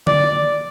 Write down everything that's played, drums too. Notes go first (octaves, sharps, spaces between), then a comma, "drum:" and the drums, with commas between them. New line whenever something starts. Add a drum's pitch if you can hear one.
D5, drum: tom